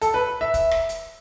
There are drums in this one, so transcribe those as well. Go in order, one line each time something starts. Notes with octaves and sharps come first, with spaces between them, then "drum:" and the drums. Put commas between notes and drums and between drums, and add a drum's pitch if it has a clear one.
A4, drum: hi-hat
B4
E5
drum: kick, hi-hat
drum: rim click
drum: hi-hat